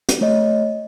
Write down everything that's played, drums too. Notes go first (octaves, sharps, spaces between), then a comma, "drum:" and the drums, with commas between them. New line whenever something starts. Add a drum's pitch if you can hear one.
drum: hi-hat
A3 C#5 D#5